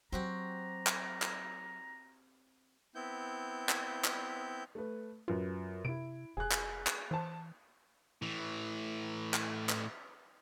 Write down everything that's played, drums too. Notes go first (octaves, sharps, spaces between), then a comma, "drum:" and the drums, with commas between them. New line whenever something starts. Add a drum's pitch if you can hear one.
F#3 C4 F#4 G4 A#5
drum: clap
drum: clap
B3 C4 E4 G6
drum: clap
drum: clap
A3 B4
F#2 F4 B4
C3 E4 D7
F1 G#4 F#6
drum: clap
drum: clap
E3 C5 A5
A2 E3
drum: clap
drum: clap